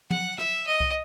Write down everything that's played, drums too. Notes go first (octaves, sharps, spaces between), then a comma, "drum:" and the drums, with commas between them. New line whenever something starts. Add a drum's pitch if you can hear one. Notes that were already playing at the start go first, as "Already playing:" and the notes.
F#5, drum: tom
E5, drum: rim click
D#5
drum: kick C2